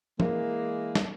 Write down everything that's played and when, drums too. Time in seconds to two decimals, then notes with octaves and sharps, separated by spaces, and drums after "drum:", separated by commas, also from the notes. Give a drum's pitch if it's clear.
0.20 E3 G#3 A#3, drum: tom F3
0.95 drum: snare